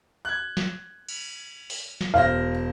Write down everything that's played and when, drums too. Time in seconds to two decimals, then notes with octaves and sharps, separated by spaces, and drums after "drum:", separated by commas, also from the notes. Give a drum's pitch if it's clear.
0.25 F#6 G#6
0.57 drum: snare
1.08 drum: cymbal
1.70 drum: open hi-hat
2.01 drum: snare
2.14 E1 C5 F5 A#6